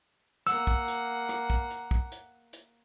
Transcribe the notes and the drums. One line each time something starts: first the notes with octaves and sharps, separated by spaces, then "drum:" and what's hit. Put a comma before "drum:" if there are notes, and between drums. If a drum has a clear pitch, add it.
A#3 F#5 E6, drum: hi-hat
drum: kick
drum: hi-hat
drum: rim click
drum: kick
drum: hi-hat
drum: kick
drum: hi-hat
drum: hi-hat